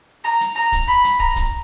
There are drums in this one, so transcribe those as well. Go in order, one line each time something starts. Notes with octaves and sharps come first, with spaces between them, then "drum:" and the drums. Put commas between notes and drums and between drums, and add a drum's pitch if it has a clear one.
A#5
drum: hi-hat
A#5
drum: kick, hi-hat
B5
drum: hi-hat
A#5, drum: kick
drum: kick, hi-hat